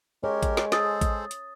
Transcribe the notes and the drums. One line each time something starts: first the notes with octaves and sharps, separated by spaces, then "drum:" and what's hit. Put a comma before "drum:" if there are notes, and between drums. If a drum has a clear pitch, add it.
G#3 G4 A#4 C#5
drum: kick A1, hi-hat
drum: snare
G#4 A4 C5 D#6 A6, drum: snare
drum: kick A1, hi-hat
drum: hi-hat